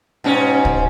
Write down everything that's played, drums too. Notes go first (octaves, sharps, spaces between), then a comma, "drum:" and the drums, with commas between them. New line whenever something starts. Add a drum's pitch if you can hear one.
G#2 B2 C#4
drum: kick